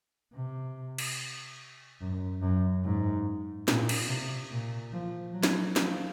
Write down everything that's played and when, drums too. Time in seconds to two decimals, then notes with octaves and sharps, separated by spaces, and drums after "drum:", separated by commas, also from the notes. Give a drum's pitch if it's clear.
0.34 C3
0.98 drum: cymbal
2.01 F#2
2.42 F#2
2.84 G#2
3.68 A#2, drum: snare
3.89 drum: cymbal
4.08 C3
4.51 A#2
4.93 F3
5.34 F#3
5.43 drum: snare
5.76 F3, drum: snare